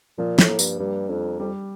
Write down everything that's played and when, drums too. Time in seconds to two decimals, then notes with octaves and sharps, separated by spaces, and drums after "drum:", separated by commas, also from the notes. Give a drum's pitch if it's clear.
0.18 A#2 F3
0.39 A2, drum: snare
0.48 A#3
0.59 G2, drum: tambourine
0.79 G2 G3
1.09 F2 D4
1.39 F2 G3